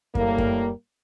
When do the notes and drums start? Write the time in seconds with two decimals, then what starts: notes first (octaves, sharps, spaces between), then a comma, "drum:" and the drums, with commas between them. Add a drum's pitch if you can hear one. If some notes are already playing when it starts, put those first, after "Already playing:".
0.15 A2 G3 A#3, drum: kick F#2
0.38 drum: kick F#2